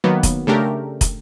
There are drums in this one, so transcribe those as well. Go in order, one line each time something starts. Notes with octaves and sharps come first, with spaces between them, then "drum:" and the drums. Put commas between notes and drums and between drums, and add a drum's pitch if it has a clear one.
D#3 F#3 A#3 B3
drum: kick, hi-hat
C#3 A3 D4 G4 A#4
drum: kick, hi-hat